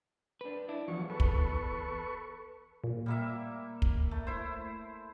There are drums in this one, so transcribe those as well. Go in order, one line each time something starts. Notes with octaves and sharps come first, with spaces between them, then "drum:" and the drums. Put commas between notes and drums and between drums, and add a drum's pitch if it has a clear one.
D4 B4
D4 E4
E2 F3 F#3 C#6
A4 B4 C#6
drum: kick
A#2
G3 A#3 E5
drum: kick
A3
E4 C5